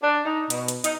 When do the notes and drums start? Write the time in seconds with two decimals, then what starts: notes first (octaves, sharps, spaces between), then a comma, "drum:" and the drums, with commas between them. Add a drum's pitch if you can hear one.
0.02 D4
0.25 D#4
0.50 B2, drum: hi-hat
0.68 drum: hi-hat
0.84 D#4, drum: hi-hat